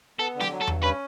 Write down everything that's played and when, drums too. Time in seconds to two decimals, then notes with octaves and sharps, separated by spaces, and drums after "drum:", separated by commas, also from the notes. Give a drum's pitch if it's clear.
0.19 B3 A4
0.35 D3
0.41 G4, drum: snare
0.51 F#3
0.62 A4
0.67 G2, drum: tom E2
0.84 C#4 B4